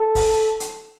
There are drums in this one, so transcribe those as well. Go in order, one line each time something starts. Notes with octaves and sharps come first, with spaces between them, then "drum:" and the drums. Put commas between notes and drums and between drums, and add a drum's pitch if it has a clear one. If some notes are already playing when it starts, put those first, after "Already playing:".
Already playing: A4
drum: kick, open hi-hat
drum: hi-hat